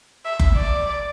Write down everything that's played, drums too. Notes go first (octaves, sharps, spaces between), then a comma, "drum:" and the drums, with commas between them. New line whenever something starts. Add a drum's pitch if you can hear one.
E5
drum: kick F#1
D5